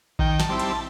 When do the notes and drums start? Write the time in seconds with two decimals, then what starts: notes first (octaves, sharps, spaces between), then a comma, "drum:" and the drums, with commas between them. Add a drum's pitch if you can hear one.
0.19 D#3 G5, drum: kick A#1
0.39 A5, drum: snare
0.49 G3 C4 E4
0.60 A5, drum: cymbal